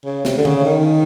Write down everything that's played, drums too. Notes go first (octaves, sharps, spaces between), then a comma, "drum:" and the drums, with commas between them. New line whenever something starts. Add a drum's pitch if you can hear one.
C#3
C3, drum: snare
D3
C#3, drum: tom
D#3